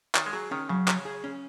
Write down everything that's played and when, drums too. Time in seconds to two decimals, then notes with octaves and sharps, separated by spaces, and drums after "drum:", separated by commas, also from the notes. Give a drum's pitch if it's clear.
0.15 D#3 C#5, drum: clap
0.26 G#3
0.33 F#3 G#4
0.51 D#3 C#4
0.69 C#3 F#3
0.88 C#5, drum: clap
1.05 G#4
1.24 C#4